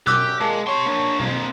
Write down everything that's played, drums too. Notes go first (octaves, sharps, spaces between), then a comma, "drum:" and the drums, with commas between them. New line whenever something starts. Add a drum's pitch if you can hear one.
F#2 D3 G4 D6 E6 F#6, drum: tom B2
A#2 G#3 A#3 A5
G4 C#5 C6 C#6
A#3 D4
F2 A#3 C4, drum: tom B2